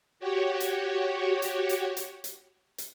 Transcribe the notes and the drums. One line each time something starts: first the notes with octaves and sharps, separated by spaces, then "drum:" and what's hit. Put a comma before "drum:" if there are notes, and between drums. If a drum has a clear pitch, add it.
F#4 G4 C#5
drum: hi-hat
drum: hi-hat
drum: hi-hat
drum: hi-hat
drum: hi-hat
drum: hi-hat